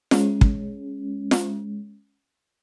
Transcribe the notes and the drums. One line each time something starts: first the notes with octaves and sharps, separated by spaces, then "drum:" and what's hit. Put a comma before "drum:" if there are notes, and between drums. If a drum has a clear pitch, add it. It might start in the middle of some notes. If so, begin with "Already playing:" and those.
G#3 C#4, drum: snare F4
drum: kick
drum: snare F4